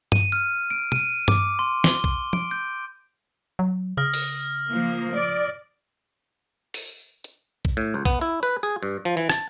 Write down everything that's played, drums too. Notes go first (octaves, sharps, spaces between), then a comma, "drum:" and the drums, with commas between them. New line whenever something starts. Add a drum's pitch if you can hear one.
D#7, drum: tom G2
F6
D7
D#7, drum: tom
D6, drum: tom G2
C6
G7, drum: snare
drum: kick
D7, drum: tom
G6
F#3
C#3 D#6 F6 A#6
drum: open hi-hat
F3 A#3
D5
drum: open hi-hat
drum: hi-hat
drum: kick
A2
C#2
B3, drum: kick
E4
B4
G#4
G2
F3
E3
A5, drum: rim click